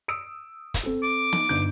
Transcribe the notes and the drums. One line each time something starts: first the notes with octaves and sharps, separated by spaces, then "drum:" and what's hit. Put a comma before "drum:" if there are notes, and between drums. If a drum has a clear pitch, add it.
D#6 E6 D7
drum: kick, hi-hat
C4 A4
D6
D#4, drum: snare
G1 D#4 G6